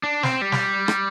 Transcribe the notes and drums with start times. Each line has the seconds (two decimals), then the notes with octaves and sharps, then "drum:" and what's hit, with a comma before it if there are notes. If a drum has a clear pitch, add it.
0.04 D4
0.23 C4, drum: snare
0.42 G3
0.52 drum: snare
0.88 drum: rim click